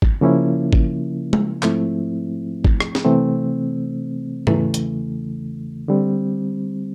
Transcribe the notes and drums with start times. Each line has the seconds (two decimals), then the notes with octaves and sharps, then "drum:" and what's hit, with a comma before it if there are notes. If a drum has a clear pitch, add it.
0.02 drum: kick
0.21 C#3 F3 A#3 C#4 E4
0.73 drum: kick
1.33 drum: tom G#3
1.63 G#2 F3 A3 C4 E4, drum: clap
2.64 drum: kick
2.80 drum: rim click
2.95 drum: snare
3.05 C3 E3 A3 C4
4.47 E2 C#3 E3 A3, drum: tom G#2
4.74 drum: hi-hat
5.88 D3 G3 C4